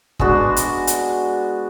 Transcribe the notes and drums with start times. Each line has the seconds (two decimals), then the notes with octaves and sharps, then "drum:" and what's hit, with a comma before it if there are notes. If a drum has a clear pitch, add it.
0.19 G#3 B3 D4 F#4, drum: kick
0.57 drum: hi-hat
0.87 drum: hi-hat